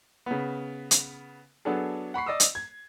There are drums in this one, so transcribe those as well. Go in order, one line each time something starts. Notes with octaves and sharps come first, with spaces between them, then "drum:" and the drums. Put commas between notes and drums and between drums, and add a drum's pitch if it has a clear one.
C#3 B3
drum: hi-hat
F#3 B3 D4 G#4 A4
F#5 B5 C#6 C7
D5 D#5 D#6 E6
drum: hi-hat
G#6